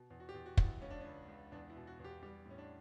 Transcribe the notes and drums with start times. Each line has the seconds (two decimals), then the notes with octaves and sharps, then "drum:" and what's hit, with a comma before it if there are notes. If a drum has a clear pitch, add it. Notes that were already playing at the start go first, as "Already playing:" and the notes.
Already playing: B2
0.10 E2
0.20 F#4
0.29 G4
0.34 E2
0.46 F#4
0.57 E2, drum: kick
0.63 E4
0.81 C#2 C#4
0.90 D4
1.00 C#2 C#4
1.28 C#2
1.52 E2 D4
1.70 E4
1.76 B2
1.87 F#4
1.99 E2
2.04 G4
2.23 G3 G4
2.45 A2
2.51 C#4
2.58 D4